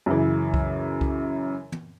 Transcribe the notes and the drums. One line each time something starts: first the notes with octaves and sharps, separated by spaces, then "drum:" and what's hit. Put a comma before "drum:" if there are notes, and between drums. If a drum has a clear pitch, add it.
F#2 C#3 E3
drum: kick C2
drum: kick C2
drum: tom